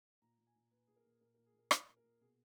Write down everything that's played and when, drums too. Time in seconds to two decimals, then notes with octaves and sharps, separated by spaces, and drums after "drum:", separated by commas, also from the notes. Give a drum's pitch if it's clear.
0.22 A#2 A#5
0.38 A#2
0.47 G#5
0.56 A#2
0.71 A#2 B4
0.87 A#2 G#4
0.96 A#4
1.05 A#2
1.21 A#2 A#4
1.34 A#4
1.37 A#2
1.46 G#4
1.54 A#2 A#4
1.71 A#2 A#4, drum: rim click
1.88 A#2
1.96 A#4
2.04 A#2
2.21 B2 G#4